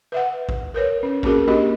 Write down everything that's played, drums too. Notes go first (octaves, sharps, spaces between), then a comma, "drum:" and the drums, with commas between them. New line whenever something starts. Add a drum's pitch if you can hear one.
B4 E5 F#5
drum: kick A1
A#4 B4 C#5
C#4
A#3 C4 C#4 F#4 G#4 A#4, drum: kick A1
A#3 D4 F#4 G4 A#4 D#5